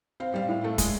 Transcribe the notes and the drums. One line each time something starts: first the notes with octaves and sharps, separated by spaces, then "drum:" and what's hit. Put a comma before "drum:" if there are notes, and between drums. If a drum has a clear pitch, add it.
C4 F5
G3 F5
A2
A3
G#3, drum: kick, hi-hat